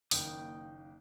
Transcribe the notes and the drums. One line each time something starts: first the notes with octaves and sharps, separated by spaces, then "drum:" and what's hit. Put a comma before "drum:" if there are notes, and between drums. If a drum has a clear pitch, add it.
F#1 D#3 A#3 G5 B5 D#6, drum: open hi-hat